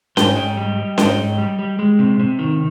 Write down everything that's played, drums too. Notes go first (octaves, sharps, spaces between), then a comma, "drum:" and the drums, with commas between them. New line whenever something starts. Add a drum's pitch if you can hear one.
G#2 G5, drum: snare C#4
G#5
G#2 D#5 G5
G3
G3
G#2 D#5 G5, drum: snare C#4
G#2
G3
G3
G#3
C3
C3
D#3